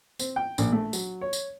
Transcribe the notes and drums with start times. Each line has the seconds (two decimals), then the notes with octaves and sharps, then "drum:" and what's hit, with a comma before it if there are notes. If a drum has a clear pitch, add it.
0.19 C4, drum: tambourine
0.36 G5
0.58 A#1, drum: tambourine
0.72 A3
0.93 F#3, drum: tambourine
1.21 C#5
1.33 drum: tambourine